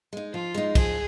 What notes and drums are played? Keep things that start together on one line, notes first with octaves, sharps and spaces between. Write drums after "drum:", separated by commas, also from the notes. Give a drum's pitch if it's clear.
G#3 D#4
F3 F4
G#3 D#4
F3 G#4, drum: kick, cymbal